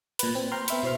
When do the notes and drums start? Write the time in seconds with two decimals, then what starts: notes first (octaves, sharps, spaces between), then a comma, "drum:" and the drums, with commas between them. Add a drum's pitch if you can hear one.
0.19 A#2 B4, drum: hi-hat
0.35 C4
0.52 G5 A#5 C6 F6
0.68 B3 E5 B5, drum: hi-hat
0.83 B2 E4 C5 C6 F6